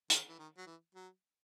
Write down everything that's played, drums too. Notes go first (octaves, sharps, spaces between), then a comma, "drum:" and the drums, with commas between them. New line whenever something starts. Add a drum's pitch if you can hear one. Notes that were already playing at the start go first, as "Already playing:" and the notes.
D#3, drum: hi-hat
E3
D#3
F#3
E3
F#3